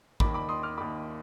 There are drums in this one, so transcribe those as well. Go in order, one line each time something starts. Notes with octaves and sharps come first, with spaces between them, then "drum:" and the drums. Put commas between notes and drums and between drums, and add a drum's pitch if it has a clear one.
D#2 D#3 B5 D6, drum: kick
B5 D6
C6 D#6
D6 F6
D#2 D#3 B5 D6